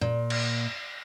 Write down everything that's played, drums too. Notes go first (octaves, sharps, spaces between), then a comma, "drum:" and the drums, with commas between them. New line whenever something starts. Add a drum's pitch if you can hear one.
A#2
drum: cymbal